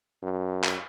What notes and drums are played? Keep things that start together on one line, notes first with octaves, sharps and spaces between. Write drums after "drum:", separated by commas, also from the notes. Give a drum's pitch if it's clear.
F#2
drum: clap